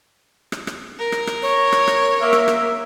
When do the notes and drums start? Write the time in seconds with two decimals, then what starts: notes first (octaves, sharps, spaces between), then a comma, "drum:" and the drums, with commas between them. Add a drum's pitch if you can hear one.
0.52 drum: rim click
0.67 drum: rim click
0.99 A#4
1.12 drum: rim click
1.27 drum: rim click
1.42 C#5
1.72 drum: rim click
1.88 drum: rim click
2.21 A#3 E5
2.33 drum: rim click
2.48 drum: rim click